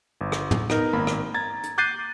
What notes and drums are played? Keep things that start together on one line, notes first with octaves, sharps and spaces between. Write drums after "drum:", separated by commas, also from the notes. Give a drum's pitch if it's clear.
G1
drum: rim click
drum: tom
B3 D#4 A#4, drum: rim click
G#1 A#3 B5
drum: rim click
A#5 G#6 A6
drum: hi-hat
D6 F#6 G6 A6 C7 D#7